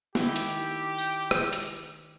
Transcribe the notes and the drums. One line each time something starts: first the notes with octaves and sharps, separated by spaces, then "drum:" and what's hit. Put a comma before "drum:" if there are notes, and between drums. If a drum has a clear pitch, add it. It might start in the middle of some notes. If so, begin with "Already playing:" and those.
D#3 E4 G4, drum: snare
drum: hi-hat
drum: tambourine
drum: rim click
drum: hi-hat